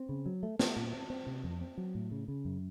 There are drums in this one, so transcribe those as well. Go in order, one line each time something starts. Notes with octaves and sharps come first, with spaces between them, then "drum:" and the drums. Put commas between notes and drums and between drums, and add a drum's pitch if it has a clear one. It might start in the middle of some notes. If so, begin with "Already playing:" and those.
Already playing: C4
C#3
F#3
A3
A3, drum: snare
A#2
C4
C4
C3
F2
C4
F#3
A2
C#3
C#3
F#2